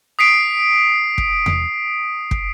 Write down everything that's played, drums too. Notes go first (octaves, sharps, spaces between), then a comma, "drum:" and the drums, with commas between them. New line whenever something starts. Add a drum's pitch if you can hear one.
D#6 B6 C7 D7
drum: kick
drum: tom E2
drum: kick